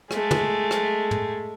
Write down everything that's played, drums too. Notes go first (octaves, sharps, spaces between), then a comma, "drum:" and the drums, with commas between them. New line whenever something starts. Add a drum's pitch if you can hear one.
G#3 A3, drum: rim click
drum: tom
drum: rim click
drum: tom